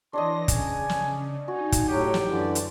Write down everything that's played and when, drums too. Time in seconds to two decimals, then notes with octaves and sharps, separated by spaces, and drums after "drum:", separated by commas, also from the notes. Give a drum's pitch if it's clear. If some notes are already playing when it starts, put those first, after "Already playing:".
0.13 E3 D4 C#5 D#5 C6 A#6
0.48 C#3 G#5, drum: kick, hi-hat
0.89 drum: snare
1.48 D#4 F#4 G#5
1.72 drum: kick, hi-hat
1.88 A2 F#3 G4
2.14 drum: snare
2.26 F#2 D3 E3 D5
2.55 drum: hi-hat